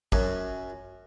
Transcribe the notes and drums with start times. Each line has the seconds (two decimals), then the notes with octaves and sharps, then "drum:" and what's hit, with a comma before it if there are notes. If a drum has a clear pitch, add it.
0.12 F#2, drum: kick